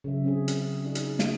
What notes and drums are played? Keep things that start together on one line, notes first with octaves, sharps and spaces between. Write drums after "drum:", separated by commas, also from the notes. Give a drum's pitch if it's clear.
C#3 F#3 E5
C4 C#4 G#4
drum: hi-hat
D#4 F#4 G#4 D5
drum: hi-hat
drum: snare